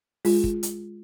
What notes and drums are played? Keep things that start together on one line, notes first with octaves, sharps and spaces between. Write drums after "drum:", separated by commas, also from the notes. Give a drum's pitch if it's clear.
G#3 F4 G#4, drum: open hi-hat
drum: kick
drum: hi-hat